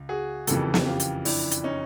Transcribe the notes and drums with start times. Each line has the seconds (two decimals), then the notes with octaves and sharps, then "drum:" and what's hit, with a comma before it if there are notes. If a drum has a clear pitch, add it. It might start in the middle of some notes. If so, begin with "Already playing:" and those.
Already playing: C#2
0.09 F#4 G#4
0.47 F#1 F2 C#3 E3 G4 A4, drum: hi-hat
0.74 drum: snare
0.86 F4 G4
1.00 drum: hi-hat
1.25 D4 E4, drum: open hi-hat
1.51 drum: hi-hat
1.64 C#4 D#4